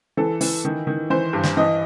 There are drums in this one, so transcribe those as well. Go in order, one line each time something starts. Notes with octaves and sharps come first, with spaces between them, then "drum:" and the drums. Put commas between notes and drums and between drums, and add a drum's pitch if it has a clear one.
E3 A4
E3, drum: open hi-hat
D#3
D#3
E3 C5
G2
drum: snare
E3 D#5